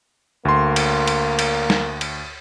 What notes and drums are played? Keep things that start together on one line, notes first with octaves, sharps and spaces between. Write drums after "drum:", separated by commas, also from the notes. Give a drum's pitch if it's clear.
D2 A#3 C6
drum: cymbal
drum: cymbal
drum: cymbal
drum: snare
drum: cymbal